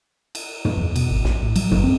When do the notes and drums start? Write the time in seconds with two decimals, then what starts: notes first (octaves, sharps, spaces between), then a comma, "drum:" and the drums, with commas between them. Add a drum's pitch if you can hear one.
0.35 drum: cymbal
0.65 drum: tom
0.77 E2
0.96 B2, drum: cymbal
1.11 G#1
1.25 A#1, drum: snare
1.43 A2
1.56 F#3, drum: cymbal
1.71 G1, drum: tom
1.84 C4